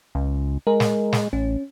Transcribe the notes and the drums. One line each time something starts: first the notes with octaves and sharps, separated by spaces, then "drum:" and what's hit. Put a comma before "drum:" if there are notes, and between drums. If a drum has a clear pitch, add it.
C#2
G#3 A#4
drum: snare
drum: snare
A1 C#4